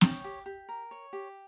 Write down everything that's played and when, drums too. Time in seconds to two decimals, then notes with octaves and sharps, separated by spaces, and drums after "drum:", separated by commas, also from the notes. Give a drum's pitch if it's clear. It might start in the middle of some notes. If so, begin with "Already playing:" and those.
0.01 C#5 G5, drum: snare
0.24 G4
0.46 G4
0.69 A#4
0.91 C#5
1.13 G4